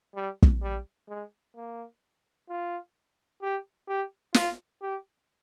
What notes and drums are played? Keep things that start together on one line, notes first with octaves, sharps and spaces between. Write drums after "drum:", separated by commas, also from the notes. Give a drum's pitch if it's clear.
G3
drum: kick
G3
G#3
A#3
F4
G4
G4
F4, drum: snare
G4